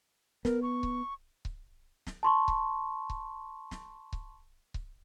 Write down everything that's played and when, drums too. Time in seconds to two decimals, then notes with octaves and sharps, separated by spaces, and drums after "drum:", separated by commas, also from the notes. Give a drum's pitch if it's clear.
0.45 B3 A#4, drum: snare
0.62 C#6
0.83 drum: kick C#1
1.45 drum: kick C#1
2.07 drum: snare
2.23 A5 C6 C#6
2.48 drum: kick C#1
3.10 drum: kick C#1
3.71 drum: snare
4.13 drum: kick C#1
4.74 drum: kick C#1